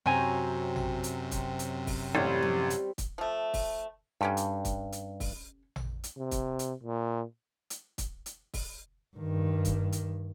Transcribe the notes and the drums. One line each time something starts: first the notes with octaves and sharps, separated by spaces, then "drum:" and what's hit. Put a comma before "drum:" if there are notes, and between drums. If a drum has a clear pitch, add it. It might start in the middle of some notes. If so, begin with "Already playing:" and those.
F#2 C3 F#3 C4 G5 G#5 A#5
drum: tom A1
drum: hi-hat
drum: kick, hi-hat
drum: hi-hat
drum: kick, open hi-hat
A1 G3 C4
drum: tom F3
drum: hi-hat
drum: kick, hi-hat
F3 A3
drum: kick, open hi-hat
G2 C#4 G4 A4
drum: hi-hat
drum: kick, hi-hat
drum: hi-hat
drum: kick, open hi-hat
drum: tom A1
drum: hi-hat
C3
drum: kick, hi-hat
drum: hi-hat
A#2
drum: hi-hat
drum: kick, hi-hat
drum: hi-hat
drum: kick, open hi-hat
G2 D#3
drum: kick, hi-hat
drum: hi-hat